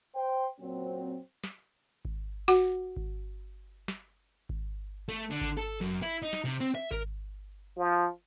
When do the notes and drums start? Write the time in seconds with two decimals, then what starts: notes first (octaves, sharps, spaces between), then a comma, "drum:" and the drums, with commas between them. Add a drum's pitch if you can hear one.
0.15 C5 G5
0.60 F#2 A#2 F#3 C4
1.44 drum: snare
2.05 drum: kick G#1
2.48 F#4 F#5 D6
2.96 drum: kick G#1
3.88 drum: snare
4.49 drum: kick G#1
5.08 A3
5.30 D3
5.41 drum: kick G#1
5.57 A4
5.81 F#2
6.02 E4
6.22 D#4
6.33 drum: snare
6.45 C3
6.60 C4
6.75 E5
6.91 A#4, drum: kick G#1
7.78 F3